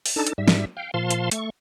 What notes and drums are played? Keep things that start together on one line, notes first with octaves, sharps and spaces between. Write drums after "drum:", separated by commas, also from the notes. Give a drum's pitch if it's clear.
drum: open hi-hat
D4 D#4 A4 A5
drum: hi-hat
G#2 G3 E5
drum: snare
F5 G5
A#2 F3 F5 A5 C6
drum: hi-hat
A3 C#6, drum: hi-hat